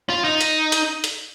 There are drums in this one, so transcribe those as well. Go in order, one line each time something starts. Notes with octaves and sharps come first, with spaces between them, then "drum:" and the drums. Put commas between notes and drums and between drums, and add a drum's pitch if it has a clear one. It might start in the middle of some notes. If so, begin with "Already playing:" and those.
F4
D#4
drum: hi-hat
drum: hi-hat
drum: hi-hat